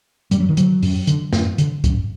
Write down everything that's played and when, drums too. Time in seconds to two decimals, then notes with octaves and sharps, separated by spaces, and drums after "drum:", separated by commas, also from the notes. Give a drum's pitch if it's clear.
0.31 F#2 G3, drum: hi-hat
0.40 F#3
0.49 D#3
0.57 D3 F#3, drum: hi-hat
0.82 F#2, drum: open hi-hat
1.07 D3, drum: hi-hat
1.33 F#2, drum: snare
1.58 D3, drum: hi-hat
1.84 F#2, drum: kick, hi-hat